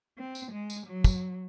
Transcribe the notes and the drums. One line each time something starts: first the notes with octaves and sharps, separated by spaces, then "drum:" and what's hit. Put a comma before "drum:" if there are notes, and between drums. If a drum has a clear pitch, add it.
C4
drum: tambourine
G#3
drum: tambourine
F#3
drum: kick, tambourine